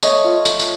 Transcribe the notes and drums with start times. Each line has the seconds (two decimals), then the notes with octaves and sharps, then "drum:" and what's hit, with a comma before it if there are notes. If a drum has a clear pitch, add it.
0.03 A3 C#5 D#5, drum: tambourine
0.24 F4
0.45 A3, drum: tambourine
0.60 drum: tambourine